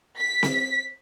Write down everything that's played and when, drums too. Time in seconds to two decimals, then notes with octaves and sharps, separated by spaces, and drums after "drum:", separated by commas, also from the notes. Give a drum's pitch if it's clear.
0.19 B6
0.43 drum: snare C4